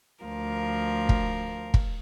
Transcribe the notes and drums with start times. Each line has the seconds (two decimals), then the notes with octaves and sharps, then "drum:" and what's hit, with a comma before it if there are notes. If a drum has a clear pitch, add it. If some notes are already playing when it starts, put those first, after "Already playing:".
0.23 D2 F3 A#4 F5
1.09 drum: kick
1.74 drum: kick